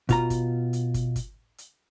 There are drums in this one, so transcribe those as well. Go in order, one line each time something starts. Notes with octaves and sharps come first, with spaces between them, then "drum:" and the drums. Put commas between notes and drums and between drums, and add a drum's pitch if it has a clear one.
B2 F4 A#5, drum: kick, hi-hat
drum: kick, hi-hat
drum: hi-hat
drum: kick, hi-hat
drum: kick, hi-hat
drum: hi-hat